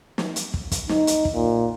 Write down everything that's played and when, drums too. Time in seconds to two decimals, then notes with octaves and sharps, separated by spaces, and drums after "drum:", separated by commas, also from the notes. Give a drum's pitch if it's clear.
0.18 drum: snare
0.36 drum: hi-hat
0.54 drum: kick
0.72 drum: kick, hi-hat
0.89 D#4, drum: snare
1.07 drum: hi-hat
1.25 drum: kick
1.35 A#2